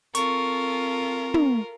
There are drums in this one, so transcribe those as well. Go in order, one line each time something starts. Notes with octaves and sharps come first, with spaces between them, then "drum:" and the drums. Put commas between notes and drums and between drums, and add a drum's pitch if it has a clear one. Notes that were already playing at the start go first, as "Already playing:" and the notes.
C4 F4 A4 A#4 C#6, drum: hi-hat
drum: tom